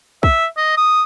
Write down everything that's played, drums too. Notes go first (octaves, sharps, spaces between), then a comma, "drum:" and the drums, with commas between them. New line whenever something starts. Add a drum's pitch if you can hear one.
E5, drum: kick
D#5
D#6